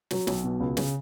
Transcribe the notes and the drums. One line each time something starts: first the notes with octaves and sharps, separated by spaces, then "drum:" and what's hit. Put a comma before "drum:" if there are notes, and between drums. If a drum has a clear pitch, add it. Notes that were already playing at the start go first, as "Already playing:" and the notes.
F#3, drum: snare
B1, drum: snare
B2
C#2
C#3, drum: snare